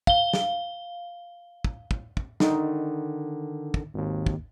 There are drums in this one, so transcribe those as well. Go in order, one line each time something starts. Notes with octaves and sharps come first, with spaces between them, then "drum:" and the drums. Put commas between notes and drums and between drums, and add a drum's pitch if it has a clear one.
F5 G7, drum: kick
drum: snare
drum: kick
drum: kick
drum: kick
D3 D#3 D#4, drum: snare
drum: kick
G#1 D#2
drum: kick